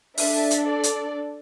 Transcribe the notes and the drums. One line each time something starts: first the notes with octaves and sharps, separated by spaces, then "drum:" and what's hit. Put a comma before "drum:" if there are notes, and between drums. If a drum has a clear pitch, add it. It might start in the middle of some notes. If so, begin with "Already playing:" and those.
D4 A4 E5, drum: open hi-hat
drum: hi-hat
D5
drum: hi-hat